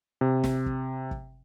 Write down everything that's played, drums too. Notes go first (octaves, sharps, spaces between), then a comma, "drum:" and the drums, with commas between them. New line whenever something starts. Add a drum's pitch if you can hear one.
C3
drum: snare
drum: kick
drum: kick